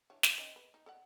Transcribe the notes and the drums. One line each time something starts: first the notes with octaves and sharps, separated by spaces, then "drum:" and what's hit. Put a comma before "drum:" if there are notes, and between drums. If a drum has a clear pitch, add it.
E3 D4 C#5
A#3, drum: snare
C4 C#4 D#4
B4
D#4
A4 D5 F#5